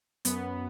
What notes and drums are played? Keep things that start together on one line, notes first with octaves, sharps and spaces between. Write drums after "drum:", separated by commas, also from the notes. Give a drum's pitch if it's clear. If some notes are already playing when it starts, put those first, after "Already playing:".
F#2 B3, drum: hi-hat